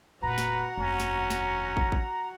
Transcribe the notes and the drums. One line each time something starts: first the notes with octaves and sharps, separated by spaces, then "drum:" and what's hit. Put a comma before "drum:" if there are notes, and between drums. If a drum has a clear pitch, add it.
F1 A#2 F#4 B4 F#5 A#5
drum: snare
F1 D#2 C#4
drum: snare
drum: snare
drum: kick
drum: kick